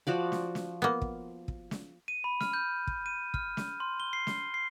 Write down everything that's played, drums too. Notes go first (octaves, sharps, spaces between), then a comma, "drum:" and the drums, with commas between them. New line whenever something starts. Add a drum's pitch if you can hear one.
F3 F#4 D5
drum: snare
drum: snare
A#3 B3
drum: kick
drum: kick
drum: snare
D#7
B5
F6, drum: snare
G6
drum: kick
D#7
F6, drum: kick
drum: snare
C6
G7
C7
drum: snare
C7